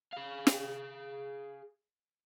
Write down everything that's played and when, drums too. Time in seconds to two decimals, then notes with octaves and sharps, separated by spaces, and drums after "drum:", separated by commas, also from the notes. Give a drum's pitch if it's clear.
0.13 G#4 F5
0.47 drum: snare